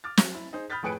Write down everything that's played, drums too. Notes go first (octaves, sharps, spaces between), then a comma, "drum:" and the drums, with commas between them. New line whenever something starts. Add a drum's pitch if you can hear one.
D6 F6 A6
F#3, drum: snare
E4
D#4 G#4 C5
B5 D#6 F6 G6 A6 B6
F2 A2 G#4 B4 C#7 D7